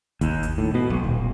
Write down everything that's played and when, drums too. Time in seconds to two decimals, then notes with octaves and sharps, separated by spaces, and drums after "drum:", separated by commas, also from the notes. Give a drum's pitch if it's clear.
0.21 D#2, drum: kick G1, hi-hat
0.43 drum: hi-hat
0.58 A2
0.74 B2
0.90 B1
1.04 D#1